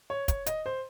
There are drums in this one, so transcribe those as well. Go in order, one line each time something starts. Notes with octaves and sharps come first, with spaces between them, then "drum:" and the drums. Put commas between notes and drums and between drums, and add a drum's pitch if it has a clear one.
C#5
C#5, drum: kick, hi-hat
D#5, drum: hi-hat
C5